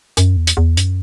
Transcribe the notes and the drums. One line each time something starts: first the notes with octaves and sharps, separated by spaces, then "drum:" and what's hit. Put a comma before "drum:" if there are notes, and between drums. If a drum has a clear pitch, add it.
F#2, drum: hi-hat
E2
drum: hi-hat
E2
F#2, drum: hi-hat